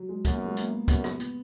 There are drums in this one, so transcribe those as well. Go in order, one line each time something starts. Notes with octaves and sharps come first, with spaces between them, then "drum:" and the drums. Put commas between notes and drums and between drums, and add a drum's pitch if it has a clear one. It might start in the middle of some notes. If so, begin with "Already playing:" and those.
Already playing: F#3
G#3
F#2 A#3, drum: kick, hi-hat
B3
G#3
A#3, drum: hi-hat
B3
F#2 B3, drum: kick, hi-hat
drum: rim click
B3, drum: hi-hat